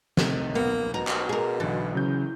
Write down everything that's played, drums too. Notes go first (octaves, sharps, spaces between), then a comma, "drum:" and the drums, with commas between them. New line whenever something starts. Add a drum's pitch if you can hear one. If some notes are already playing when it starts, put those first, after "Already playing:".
C3 D#3 A3, drum: snare
B1 A#3 B3
B2 A#4
drum: clap
G#4 A#4
B1 D3 E3 A6
C#3 F#3 G6